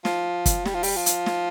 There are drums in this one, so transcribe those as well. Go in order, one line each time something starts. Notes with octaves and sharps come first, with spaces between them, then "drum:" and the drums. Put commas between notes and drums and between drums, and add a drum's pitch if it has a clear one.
F3, drum: snare
drum: kick, hi-hat
G3, drum: snare
F3
G3, drum: open hi-hat
F3
drum: hi-hat
drum: snare